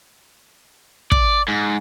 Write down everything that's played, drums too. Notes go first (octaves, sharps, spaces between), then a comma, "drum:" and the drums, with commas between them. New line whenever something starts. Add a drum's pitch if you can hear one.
D5, drum: kick
G#2